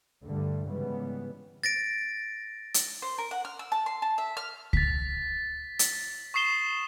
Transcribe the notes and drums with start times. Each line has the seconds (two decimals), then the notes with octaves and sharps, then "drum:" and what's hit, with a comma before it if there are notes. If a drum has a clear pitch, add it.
0.24 D2 G2 D3 G3 A3
0.68 G#2 C#3 E3 G3 B3
1.64 A6 A#6 D7
2.74 drum: hi-hat
3.02 C5
3.18 A#4
3.31 F#5
3.45 F6
3.59 E6
3.72 A5
3.86 C6
4.02 A5
4.18 E5
4.37 F6
4.73 A6 B6, drum: kick C#2
5.79 drum: hi-hat
6.34 C#6 D#6 C7 E7 G7